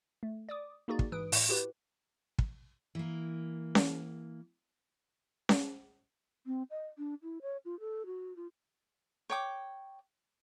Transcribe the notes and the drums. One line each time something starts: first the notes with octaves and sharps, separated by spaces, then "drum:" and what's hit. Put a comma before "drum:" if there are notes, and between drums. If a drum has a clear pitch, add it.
A3
D5 D6 D#6
A#3 D#4 F#4 G#4 D5
drum: kick
G#2 E3 B4 D#6 D7
A2 A#6 C#7, drum: open hi-hat
E4 F#4 G4 B4
drum: kick
E3 A#3
drum: snare C#4
drum: snare C#4
C4
D#5
D4
E4
C#5
F4
A4
F#4
F4
C#5 G5 D6